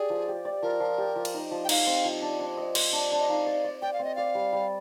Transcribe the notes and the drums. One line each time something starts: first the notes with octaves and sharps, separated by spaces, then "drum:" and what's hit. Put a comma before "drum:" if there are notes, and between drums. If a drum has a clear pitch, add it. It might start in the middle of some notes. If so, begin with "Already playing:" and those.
Already playing: G4 G#4 D5
F3
G4
D5
F3 A#4
F3
G4
F3
drum: cymbal
D#4
F3
G5
D#4 F5, drum: cymbal
C4
F3
D4
D4
D#5
C5, drum: cymbal
D4
D4
D#5
D#4 F5
D5
D5
D5 G5
F5
C4
D#5
D5 F5
G3
G3